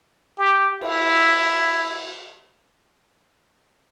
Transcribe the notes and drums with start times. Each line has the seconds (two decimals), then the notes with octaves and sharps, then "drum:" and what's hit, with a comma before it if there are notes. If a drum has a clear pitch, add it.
0.38 G4
0.81 E4, drum: cymbal